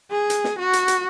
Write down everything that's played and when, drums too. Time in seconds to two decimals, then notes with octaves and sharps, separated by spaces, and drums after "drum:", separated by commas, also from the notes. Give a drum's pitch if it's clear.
0.11 G#4
0.30 drum: hi-hat
0.44 drum: snare
0.59 F#4
0.73 drum: hi-hat
0.88 drum: hi-hat